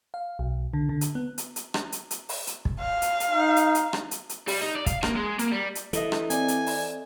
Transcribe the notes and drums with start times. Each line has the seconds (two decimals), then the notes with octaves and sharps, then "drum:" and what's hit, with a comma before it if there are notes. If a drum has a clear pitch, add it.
0.14 F5
0.39 B1
0.73 D3
0.89 D3
1.01 drum: hi-hat
1.15 B3
1.38 drum: hi-hat
1.56 drum: hi-hat
1.74 drum: rim click
1.92 drum: hi-hat
2.11 drum: hi-hat
2.29 drum: open hi-hat
2.47 drum: hi-hat
2.65 drum: kick
2.80 F5
3.02 drum: hi-hat
3.20 drum: hi-hat
3.30 D#4
3.56 drum: hi-hat
3.75 drum: hi-hat
3.93 drum: rim click
4.11 drum: hi-hat
4.29 drum: hi-hat
4.48 G3, drum: open hi-hat
4.61 D#4
4.75 D5
4.86 F5, drum: kick, hi-hat
5.03 A#3, drum: rim click
5.16 G#3
5.39 A#3, drum: hi-hat
5.51 G3
5.75 drum: hi-hat
5.93 E3 A4 D#5 E5, drum: hi-hat
6.12 drum: rim click
6.30 C4 D5 G#5, drum: hi-hat
6.48 drum: hi-hat
6.67 drum: open hi-hat